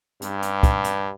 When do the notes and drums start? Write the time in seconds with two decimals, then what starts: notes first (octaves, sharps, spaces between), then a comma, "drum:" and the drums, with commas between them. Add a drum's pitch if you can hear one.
0.22 G2, drum: hi-hat
0.42 drum: hi-hat
0.63 drum: kick, hi-hat
0.84 drum: hi-hat